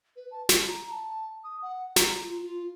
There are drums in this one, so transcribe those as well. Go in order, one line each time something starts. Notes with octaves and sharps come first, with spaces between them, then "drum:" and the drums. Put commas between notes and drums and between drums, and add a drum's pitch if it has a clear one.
B4
A5
F4, drum: snare
A#5
A5
D#6
F#5
A#5, drum: snare
F4
F4